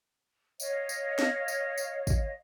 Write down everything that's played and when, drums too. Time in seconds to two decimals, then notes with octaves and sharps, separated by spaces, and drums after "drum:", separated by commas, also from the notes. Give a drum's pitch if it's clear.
0.60 C#5 D#5 F5, drum: tambourine
0.89 drum: tambourine
1.19 drum: snare
1.48 drum: tambourine
1.78 drum: tambourine
2.07 drum: kick, tambourine